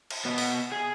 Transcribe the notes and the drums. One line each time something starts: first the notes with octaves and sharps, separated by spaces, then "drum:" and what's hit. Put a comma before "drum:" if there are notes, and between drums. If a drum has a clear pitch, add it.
drum: cymbal
B2 B3
drum: open hi-hat
G#4